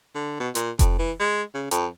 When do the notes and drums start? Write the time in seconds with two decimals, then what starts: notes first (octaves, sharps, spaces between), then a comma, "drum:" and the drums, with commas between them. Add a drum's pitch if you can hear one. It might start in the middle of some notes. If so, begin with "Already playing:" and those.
0.15 D3
0.40 B2
0.55 A#2, drum: hi-hat
0.79 F2, drum: kick F1, hi-hat
0.99 E3
1.20 G#3
1.54 C#3
1.71 F2, drum: hi-hat